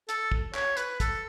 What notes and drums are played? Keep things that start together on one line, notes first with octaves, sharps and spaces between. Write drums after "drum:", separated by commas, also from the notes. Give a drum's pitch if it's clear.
A4, drum: hi-hat
drum: kick
C#5, drum: clap
B4, drum: hi-hat
A4, drum: kick, hi-hat